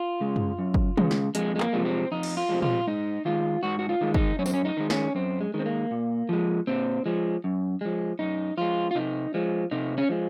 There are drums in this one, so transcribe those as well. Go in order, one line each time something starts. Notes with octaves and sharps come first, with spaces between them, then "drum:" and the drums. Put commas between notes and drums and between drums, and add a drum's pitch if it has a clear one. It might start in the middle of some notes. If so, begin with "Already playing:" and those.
Already playing: F4
C#3 G#3
drum: tom F#2
F#2
drum: kick
C#3 G#3, drum: tom D#3
drum: snare
F2 G#3, drum: hi-hat
G#3
A#3, drum: clap
C3 F3 G#3
C4
F2 D#4
drum: cymbal
F4
C3 F3 G#3
F4, drum: tom A#2
G#2 D#4
D#3 G#3 F4
G#2 F#4
F#4
F4
D#3 G#3
D#4, drum: kick
F#2 C#4
C4, drum: tambourine
C#4
D#4
D#3 G#3
C#4, drum: snare
F#2 C4
G#3
D#3 G#3
C4
A#3
A#2
F3 G#3
A#2 C4
F3 G#3
F#2
F3 G#3
F#2 D#4
F3 G#3 F4
F4
C3 D#4
F3 G#3
C3 D#4
C#4
F3 G#3